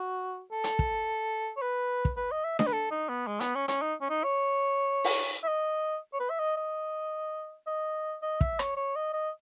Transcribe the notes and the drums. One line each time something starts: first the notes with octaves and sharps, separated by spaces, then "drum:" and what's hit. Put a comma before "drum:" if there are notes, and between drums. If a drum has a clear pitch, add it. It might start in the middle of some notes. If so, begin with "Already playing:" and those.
Already playing: F#4
A4
drum: hi-hat
drum: kick
C#5
B4
drum: kick
B4
D#5
E5
D#5, drum: snare D4
B4
A4
D#4
B3
G#3
B3, drum: hi-hat
C#4
C#4, drum: hi-hat
D#4
C#4
D#4
C#5
drum: open hi-hat
E5
D#5
C#5
B4
E5
D#5
D#5
D#5
D#5
E5, drum: kick
C#5, drum: rim click
C#5
D#5
D#5